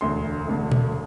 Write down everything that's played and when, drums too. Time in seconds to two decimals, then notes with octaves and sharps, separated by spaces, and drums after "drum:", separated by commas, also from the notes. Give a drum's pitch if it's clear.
0.01 E1 D2 D3 C6
0.47 E1 D2 D3
0.72 drum: tom B2